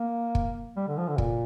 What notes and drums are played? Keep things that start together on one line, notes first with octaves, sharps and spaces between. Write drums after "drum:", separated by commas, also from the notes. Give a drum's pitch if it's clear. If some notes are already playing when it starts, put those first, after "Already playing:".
Already playing: A#3
drum: kick
G3
D3
F3
D3
A#2, drum: kick